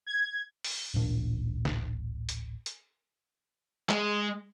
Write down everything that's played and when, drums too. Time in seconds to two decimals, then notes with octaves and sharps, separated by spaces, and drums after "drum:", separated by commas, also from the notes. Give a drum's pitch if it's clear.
0.07 G#6
0.64 drum: open hi-hat
0.94 D1 A1 A#2 D4
1.65 drum: snare
2.29 drum: hi-hat
2.66 drum: hi-hat
3.89 G#3, drum: clap